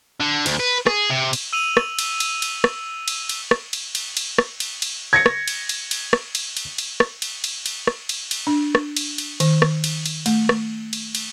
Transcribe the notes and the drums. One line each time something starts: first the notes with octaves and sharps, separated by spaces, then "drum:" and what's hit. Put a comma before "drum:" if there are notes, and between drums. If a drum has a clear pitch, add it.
D3
D2, drum: cymbal
B4
G#4, drum: rim click
C3
drum: cymbal
E6 D#7 F7 F#7
drum: rim click
drum: cymbal
drum: cymbal
drum: cymbal
drum: rim click
drum: cymbal
drum: cymbal
drum: rim click
drum: cymbal
drum: cymbal
drum: cymbal
drum: rim click
drum: cymbal
drum: cymbal
G#6 A#6 C#7
drum: rim click
drum: cymbal
drum: cymbal
drum: cymbal
drum: rim click
drum: cymbal
drum: cymbal
drum: cymbal
drum: rim click
drum: cymbal
drum: cymbal
drum: cymbal
drum: rim click
drum: cymbal
drum: cymbal
D4
drum: rim click
drum: cymbal
drum: cymbal
D#3, drum: cymbal
drum: rim click
drum: cymbal
drum: cymbal
A3, drum: cymbal
drum: rim click
drum: cymbal
drum: cymbal